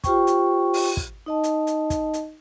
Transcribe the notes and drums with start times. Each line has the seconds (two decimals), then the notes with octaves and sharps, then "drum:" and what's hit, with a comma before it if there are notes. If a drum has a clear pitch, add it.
0.04 F4 G4 C5 G5 C#6, drum: kick, hi-hat
0.27 drum: hi-hat
0.74 drum: open hi-hat
0.97 drum: kick
1.26 D#4 D#5 A5
1.44 drum: hi-hat
1.67 drum: hi-hat
1.90 drum: kick, hi-hat
2.14 drum: hi-hat